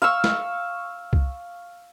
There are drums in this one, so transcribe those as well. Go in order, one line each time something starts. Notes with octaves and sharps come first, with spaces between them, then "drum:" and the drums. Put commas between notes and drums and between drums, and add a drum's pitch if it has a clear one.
F5 C#6 E6
drum: snare
drum: kick C2